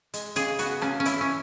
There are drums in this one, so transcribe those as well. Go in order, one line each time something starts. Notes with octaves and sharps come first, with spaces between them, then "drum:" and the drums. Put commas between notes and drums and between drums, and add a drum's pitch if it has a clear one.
G#3, drum: hi-hat
C#3 G#4, drum: hi-hat
B3 F#4, drum: hi-hat
C#3 C#4, drum: rim click
C#4
E3 E4, drum: hi-hat
C#4